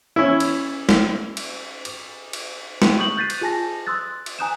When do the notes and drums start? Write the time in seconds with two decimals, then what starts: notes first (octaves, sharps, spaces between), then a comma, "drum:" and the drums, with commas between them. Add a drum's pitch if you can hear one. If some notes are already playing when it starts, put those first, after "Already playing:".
0.16 C#4 E4
0.40 drum: cymbal
0.89 drum: snare
1.37 drum: cymbal
1.85 drum: cymbal
2.33 drum: cymbal
2.82 drum: snare
2.99 C#6 D#6 G6 F#7
3.17 F#6 G6 A6 B6 C7 D#7
3.30 drum: cymbal
3.41 F4 G#4 G#5 A5 A#6
3.87 C6 D#6 E6 F#6 A6
4.26 drum: cymbal
4.39 G#5 A#5 D#6 F#6 G6 E7